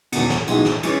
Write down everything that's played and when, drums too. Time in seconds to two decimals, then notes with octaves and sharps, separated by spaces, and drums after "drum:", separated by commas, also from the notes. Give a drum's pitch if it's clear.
0.12 E1 E2 B2, drum: cymbal
0.30 drum: snare
0.47 B1 B2 G#3 E4, drum: cymbal
0.65 drum: snare
0.83 E3 G#3 C#4, drum: cymbal